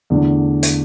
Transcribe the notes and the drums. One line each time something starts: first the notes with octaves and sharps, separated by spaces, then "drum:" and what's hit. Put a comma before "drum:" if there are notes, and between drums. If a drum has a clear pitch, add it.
E2 D3 A3 D4
drum: hi-hat